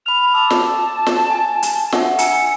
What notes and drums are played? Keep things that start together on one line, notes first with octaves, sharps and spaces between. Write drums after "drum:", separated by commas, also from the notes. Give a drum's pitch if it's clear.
B5 F6 F7
A5 D6 E6
drum: snare
drum: snare
G#5
drum: hi-hat
D4 E5 F#5, drum: snare
G#5 A#5 E6 C#7, drum: hi-hat